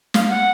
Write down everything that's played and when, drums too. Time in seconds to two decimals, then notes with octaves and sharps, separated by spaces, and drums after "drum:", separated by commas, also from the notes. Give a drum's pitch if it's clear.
0.14 F5, drum: snare
0.29 F#5